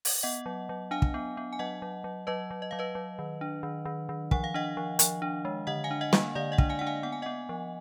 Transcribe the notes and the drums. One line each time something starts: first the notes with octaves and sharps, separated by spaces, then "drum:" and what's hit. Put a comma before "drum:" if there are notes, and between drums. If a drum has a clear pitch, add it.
drum: open hi-hat
B3 D#5 F#5
F#3
F#3
D4 F5 G#5
drum: kick
B3
B3
G#5
F#3 D#5 F#5
F#3
F#3
F#3 B4 D#5
F#3
D#5
F#3 F5
B4 D#5
F#3
D#3
D4
D#3
D#3
D#3
F3 F#5, drum: kick
F5
D4 D#5 F#5
F3
F3, drum: hi-hat
D4
G#3
D3 D#5 F#5
F5 G#5
D4
D#5 F#5
A#3, drum: snare
D3 D5 F5
D#5 F#5
D4, drum: kick
F5 G#5
D4 F#5
F5 G#5
B3 F#5
G#5
B3 D#5 F#5
F3